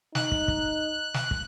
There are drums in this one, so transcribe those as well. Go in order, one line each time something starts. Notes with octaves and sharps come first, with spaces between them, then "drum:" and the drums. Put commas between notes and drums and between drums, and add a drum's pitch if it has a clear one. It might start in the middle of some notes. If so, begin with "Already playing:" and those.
D#4 F#6, drum: snare
drum: kick
drum: kick
drum: snare
drum: kick